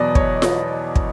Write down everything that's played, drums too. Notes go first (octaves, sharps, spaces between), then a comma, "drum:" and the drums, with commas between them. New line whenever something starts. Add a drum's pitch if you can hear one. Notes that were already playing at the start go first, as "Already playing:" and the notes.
Already playing: E2 B2 F#3 B3 D5 D#5
C#5, drum: kick
drum: snare F4
drum: kick